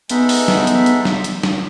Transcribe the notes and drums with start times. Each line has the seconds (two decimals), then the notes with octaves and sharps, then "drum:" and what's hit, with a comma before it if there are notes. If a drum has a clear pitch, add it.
0.09 G#3 B3 D#4 A4 E5, drum: hi-hat
0.29 drum: open hi-hat
0.48 drum: snare
0.67 drum: hi-hat
0.86 drum: hi-hat
1.05 drum: snare
1.24 drum: hi-hat
1.43 drum: snare